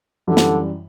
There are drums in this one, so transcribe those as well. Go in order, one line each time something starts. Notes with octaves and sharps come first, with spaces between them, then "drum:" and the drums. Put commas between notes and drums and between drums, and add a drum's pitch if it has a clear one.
F#2 D3 E3 G3
drum: snare